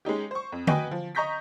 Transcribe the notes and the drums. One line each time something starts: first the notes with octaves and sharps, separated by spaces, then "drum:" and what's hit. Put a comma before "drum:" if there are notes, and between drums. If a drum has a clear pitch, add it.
G#3 C#4 D#4 G4
C5 C#6
F2
F#4 B4 D#5 G5 G#5, drum: tom D3
F3
D#5 A#5 C#6 G6 A#6 B6